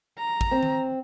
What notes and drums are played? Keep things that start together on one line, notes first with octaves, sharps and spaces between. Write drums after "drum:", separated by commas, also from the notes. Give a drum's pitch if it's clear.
A#5
drum: kick
C4
drum: tom